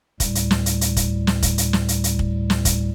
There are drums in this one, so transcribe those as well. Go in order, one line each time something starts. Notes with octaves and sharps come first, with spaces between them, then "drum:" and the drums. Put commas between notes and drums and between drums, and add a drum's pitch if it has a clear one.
D2 A2 G3, drum: kick, hi-hat
drum: hi-hat
drum: snare
drum: hi-hat
drum: hi-hat
drum: kick, hi-hat
drum: snare
drum: kick, hi-hat
drum: hi-hat
drum: snare
drum: hi-hat
drum: hi-hat
drum: kick
drum: snare
drum: kick, hi-hat